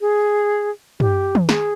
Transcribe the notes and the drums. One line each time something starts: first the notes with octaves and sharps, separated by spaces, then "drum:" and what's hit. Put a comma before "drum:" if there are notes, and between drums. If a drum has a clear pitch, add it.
G#4
G4, drum: tom
drum: tom
G#4, drum: snare